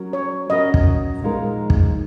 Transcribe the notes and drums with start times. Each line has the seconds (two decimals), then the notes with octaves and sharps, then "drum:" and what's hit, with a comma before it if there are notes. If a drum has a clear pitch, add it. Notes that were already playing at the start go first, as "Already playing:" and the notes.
Already playing: F#3 C#4 F#4 A#4
0.13 C#5
0.50 F#3 C#4 F#4 A#4 D#5
0.74 drum: kick
1.22 A#2 F3 G#3 D#4 A#4
1.70 drum: kick